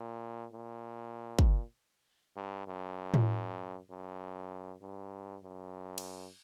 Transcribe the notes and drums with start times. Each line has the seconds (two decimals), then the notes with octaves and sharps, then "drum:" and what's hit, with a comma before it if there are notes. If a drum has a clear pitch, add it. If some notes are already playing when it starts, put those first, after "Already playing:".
Already playing: A#2
0.53 A#2
1.39 drum: kick
2.37 G2
2.67 F#2
3.14 drum: tom A2
3.91 F#2
4.82 G2
5.44 F#2
5.98 drum: cymbal